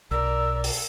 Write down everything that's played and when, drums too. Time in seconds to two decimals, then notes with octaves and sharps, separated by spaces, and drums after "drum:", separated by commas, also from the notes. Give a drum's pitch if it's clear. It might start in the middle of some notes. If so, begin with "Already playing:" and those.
0.11 B1 A#4 D5 E6
0.64 drum: open hi-hat